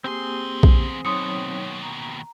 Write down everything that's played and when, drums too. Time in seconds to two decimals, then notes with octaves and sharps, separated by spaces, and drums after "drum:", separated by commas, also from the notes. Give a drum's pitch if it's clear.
0.04 E2 A#3 C4 G4 G#4 C6
0.63 drum: kick A#1
1.05 D#2 B2 F#3 D#4 C#5 C6 D#6 C#7
1.82 A#5